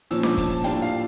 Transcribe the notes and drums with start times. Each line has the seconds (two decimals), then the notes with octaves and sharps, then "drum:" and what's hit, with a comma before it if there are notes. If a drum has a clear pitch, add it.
0.11 A#2 F3 C#4 E6, drum: hi-hat
0.23 D6, drum: snare D4
0.37 A5, drum: kick, hi-hat
0.50 A5
0.64 A2 G3 A#3 D4 F4 G5, drum: hi-hat
0.82 F5